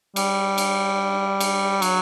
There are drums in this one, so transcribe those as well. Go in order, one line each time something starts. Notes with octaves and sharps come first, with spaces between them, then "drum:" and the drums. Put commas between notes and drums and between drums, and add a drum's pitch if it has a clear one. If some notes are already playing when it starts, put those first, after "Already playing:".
G3, drum: cymbal
drum: cymbal
drum: cymbal
F#3, drum: cymbal